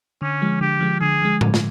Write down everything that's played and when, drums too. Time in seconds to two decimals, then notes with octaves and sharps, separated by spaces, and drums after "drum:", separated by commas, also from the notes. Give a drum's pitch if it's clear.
0.22 D3 C#4
0.42 F3 G#3
0.61 D3 G4
0.80 F3 G#3
1.00 D3 G#4
1.21 F3 G#3
1.41 D3, drum: tom A2
1.54 drum: snare